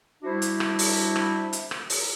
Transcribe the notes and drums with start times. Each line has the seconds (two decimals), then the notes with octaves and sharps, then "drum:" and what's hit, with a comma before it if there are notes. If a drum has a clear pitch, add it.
0.23 G3 D4 E4 F#4 C5 E5
0.42 drum: hi-hat
0.60 drum: rim click
0.79 drum: open hi-hat
1.16 drum: rim click
1.53 drum: hi-hat
1.71 drum: rim click
1.90 drum: open hi-hat